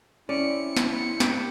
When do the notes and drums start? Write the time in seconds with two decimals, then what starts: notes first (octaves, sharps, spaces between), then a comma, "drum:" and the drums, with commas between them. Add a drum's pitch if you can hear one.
0.29 C4 C#4 E4 D5 C#7
0.77 drum: snare
1.20 D4 G4 A#4 B4, drum: snare